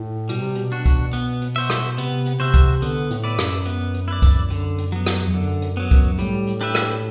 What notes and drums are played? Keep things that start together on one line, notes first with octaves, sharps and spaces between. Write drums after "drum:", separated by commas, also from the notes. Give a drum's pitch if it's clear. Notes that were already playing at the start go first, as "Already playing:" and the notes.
Already playing: A2
B2 G3, drum: hi-hat
C3
B2, drum: hi-hat
D4 F#4
drum: kick C2, hi-hat
B3, drum: hi-hat
drum: hi-hat
F#4 C5 E5
drum: rim click
C3 B3, drum: hi-hat
drum: hi-hat
C3 F#4 C5 E5
drum: kick C2, hi-hat
D3 B3, drum: hi-hat
A2, drum: hi-hat
E4 B4 D5
F#2, drum: rim click
B3, drum: hi-hat
drum: hi-hat
E4 B4 D5
drum: kick C2, hi-hat
D3, drum: hi-hat
drum: hi-hat
F#3 B3
drum: rim click
E2
F#2 D3
F#2, drum: hi-hat
F#3 B3
F#2, drum: kick C2, hi-hat
A2 G3, drum: hi-hat
drum: hi-hat
D4 G4 B4 E5
drum: rim click